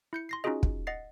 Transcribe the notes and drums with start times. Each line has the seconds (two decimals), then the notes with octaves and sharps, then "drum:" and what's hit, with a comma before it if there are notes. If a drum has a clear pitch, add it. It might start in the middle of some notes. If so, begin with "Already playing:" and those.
0.13 E4 G6 C#7
0.29 C6 A#6 C7
0.44 C#4 D#4 F4 F#4 G#4 D#5
0.63 drum: kick
0.87 D#5 F#5 A6 C7